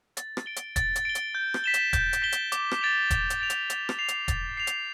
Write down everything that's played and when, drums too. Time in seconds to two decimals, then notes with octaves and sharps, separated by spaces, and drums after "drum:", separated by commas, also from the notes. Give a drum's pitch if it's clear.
0.17 A6, drum: hi-hat
0.37 drum: rim click
0.46 D7 G7
0.56 drum: hi-hat
0.76 A6, drum: kick E1, hi-hat
0.96 drum: hi-hat
1.05 D7 G7
1.15 drum: hi-hat
1.35 G6
1.54 drum: rim click
1.64 B6 E7 G7
1.74 drum: hi-hat
1.93 G6, drum: kick E1, hi-hat
2.13 drum: hi-hat
2.22 B6 E7 G7
2.32 drum: hi-hat
2.52 D6, drum: hi-hat
2.72 drum: rim click
2.81 A6 D7 F7
3.10 D6, drum: kick E1, hi-hat
3.30 drum: hi-hat
3.40 A6 D7 F7
3.50 drum: hi-hat
3.70 A6, drum: hi-hat
3.89 drum: rim click
3.99 C7 F7
4.08 drum: hi-hat
4.28 A6, drum: kick E1, hi-hat
4.57 C7 F7
4.67 drum: hi-hat